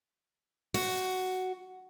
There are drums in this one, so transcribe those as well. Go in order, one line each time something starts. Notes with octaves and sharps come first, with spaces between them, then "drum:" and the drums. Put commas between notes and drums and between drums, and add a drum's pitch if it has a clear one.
F#4, drum: open hi-hat